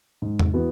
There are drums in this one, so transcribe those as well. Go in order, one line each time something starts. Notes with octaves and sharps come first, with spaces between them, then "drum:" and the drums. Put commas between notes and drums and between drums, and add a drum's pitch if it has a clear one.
G#2
drum: tom E2
E3 B3 F#4